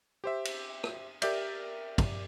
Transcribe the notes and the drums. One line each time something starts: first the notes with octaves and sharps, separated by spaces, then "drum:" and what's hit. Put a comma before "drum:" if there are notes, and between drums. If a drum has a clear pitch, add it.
G4 C5 E5
drum: cymbal
drum: rim click
G4 A#4 D5 E5 G6, drum: cymbal
drum: kick, cymbal